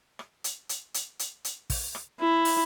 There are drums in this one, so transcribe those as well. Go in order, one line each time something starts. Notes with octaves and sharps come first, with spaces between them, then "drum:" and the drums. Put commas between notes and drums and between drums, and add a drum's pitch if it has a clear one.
drum: rim click
drum: hi-hat
drum: hi-hat
drum: hi-hat
drum: hi-hat
drum: hi-hat
drum: kick, open hi-hat
drum: rim click
E4
drum: open hi-hat